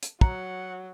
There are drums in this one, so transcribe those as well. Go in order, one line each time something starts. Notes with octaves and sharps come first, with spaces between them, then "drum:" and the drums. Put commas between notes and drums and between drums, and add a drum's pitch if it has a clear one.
drum: hi-hat
F#3 F#5 A#5, drum: kick